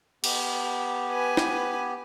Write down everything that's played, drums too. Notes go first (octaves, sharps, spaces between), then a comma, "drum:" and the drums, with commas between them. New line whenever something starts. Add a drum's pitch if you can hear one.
B3 G4, drum: cymbal
B4 G#5
drum: snare